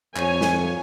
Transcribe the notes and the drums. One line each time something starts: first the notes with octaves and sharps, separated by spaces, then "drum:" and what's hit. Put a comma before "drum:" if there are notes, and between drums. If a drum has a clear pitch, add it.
F2 C#5 G#5, drum: clap
drum: snare